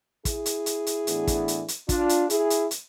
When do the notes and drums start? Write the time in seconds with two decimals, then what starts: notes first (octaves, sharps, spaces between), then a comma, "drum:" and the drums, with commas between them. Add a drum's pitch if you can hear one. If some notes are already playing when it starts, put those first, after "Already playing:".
0.25 E4 G#4, drum: kick, hi-hat
0.46 drum: hi-hat
0.66 drum: hi-hat
0.87 drum: hi-hat
1.07 A2 E3 B3 D4, drum: hi-hat
1.27 drum: kick, hi-hat
1.48 drum: hi-hat
1.68 drum: hi-hat
1.89 D4 F4, drum: kick, hi-hat
2.09 drum: hi-hat
2.30 E4 G#4, drum: hi-hat
2.50 drum: hi-hat
2.71 drum: hi-hat